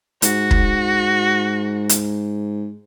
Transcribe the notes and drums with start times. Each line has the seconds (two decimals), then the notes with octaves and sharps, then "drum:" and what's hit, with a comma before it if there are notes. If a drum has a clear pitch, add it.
0.22 G#2 F#4, drum: hi-hat
0.51 drum: kick
1.89 drum: hi-hat